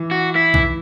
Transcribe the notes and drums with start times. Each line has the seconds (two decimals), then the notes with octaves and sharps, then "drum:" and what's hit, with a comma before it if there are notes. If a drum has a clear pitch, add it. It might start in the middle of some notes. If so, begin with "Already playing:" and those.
Already playing: E3
0.11 F#4
0.36 E4
0.54 E3, drum: kick B1